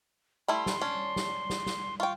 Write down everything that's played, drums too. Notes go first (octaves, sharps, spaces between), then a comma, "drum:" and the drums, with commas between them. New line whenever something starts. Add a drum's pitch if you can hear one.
G3 A3 E4 C6
drum: snare
C#4 D4
drum: snare
drum: snare
drum: snare
F4 G5 C#6